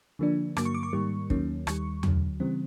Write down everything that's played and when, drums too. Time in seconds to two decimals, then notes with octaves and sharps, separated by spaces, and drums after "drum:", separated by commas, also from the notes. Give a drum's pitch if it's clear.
0.19 D3 F3 A#3 D4
0.57 G2 D3 F#3 A#3 D6, drum: rim click
0.65 C#6
0.74 D6
0.83 C#6
0.93 G#2 D#3 G3 A#3
1.30 D#2 D#3 F#3 A#3 C#4, drum: kick
1.67 D#2 D#3 G3 C#6, drum: rim click
2.03 D2 D3 F#3, drum: tom E2
2.40 C#3 E3 G3 C4